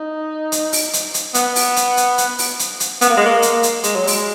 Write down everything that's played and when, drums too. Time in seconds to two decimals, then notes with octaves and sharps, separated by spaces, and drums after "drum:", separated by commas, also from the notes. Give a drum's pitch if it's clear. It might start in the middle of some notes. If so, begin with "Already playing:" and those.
Already playing: D#4
0.52 drum: hi-hat
0.73 drum: open hi-hat
0.93 drum: hi-hat
1.14 drum: hi-hat
1.34 B3, drum: hi-hat
1.56 drum: open hi-hat
1.76 drum: hi-hat
1.97 drum: hi-hat
2.18 drum: hi-hat
2.39 drum: open hi-hat
2.59 drum: hi-hat
2.80 drum: hi-hat
3.01 B3, drum: hi-hat
3.10 A#3
3.17 G#3
3.26 A#3
3.42 drum: hi-hat
3.63 drum: hi-hat
3.84 G#3, drum: hi-hat
3.95 F#3
4.07 G#3, drum: open hi-hat